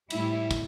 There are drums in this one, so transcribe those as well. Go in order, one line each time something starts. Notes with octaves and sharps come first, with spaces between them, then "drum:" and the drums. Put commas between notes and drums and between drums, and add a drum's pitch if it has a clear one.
A2 G3 E4, drum: cymbal
drum: kick, cymbal